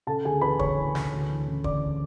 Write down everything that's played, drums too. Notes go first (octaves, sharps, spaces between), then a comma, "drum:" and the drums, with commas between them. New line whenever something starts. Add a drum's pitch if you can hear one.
C#3 A4 A5
D2 G#4 G#5
E3 B4 B5
D2 C#5 C#6, drum: kick
E3
D2, drum: snare
D2
E3
C#3
D2 D5 D6, drum: kick